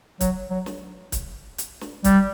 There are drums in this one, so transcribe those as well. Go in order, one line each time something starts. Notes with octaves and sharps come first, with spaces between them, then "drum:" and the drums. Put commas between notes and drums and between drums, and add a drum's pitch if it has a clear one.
F#3, drum: kick C#1, hi-hat
F#3
drum: snare
drum: kick C#1, hi-hat
drum: hi-hat
drum: snare
G3, drum: kick C#1, hi-hat